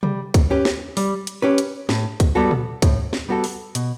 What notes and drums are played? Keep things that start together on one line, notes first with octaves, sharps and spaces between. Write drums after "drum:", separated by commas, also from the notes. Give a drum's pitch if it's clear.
G3, drum: tom C3
drum: kick C#2, hi-hat
C#4 G4 B4
drum: snare
G3, drum: open hi-hat
drum: hi-hat
C#4 G4 B4
drum: hi-hat
A2, drum: snare
drum: kick C#2, hi-hat
G3 B3 F#4 A4
drum: tom A#2
A2, drum: kick C#2, hi-hat
drum: snare
G3 B3 F#4 A4
drum: open hi-hat
B2, drum: hi-hat